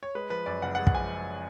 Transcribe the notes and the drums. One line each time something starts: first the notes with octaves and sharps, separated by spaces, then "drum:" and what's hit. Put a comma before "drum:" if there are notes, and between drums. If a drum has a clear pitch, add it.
C#5
G#3 B4
F3 B4
F#2 D5
F#1 F#5
F#5
G#3
F#5, drum: kick
F3 G#5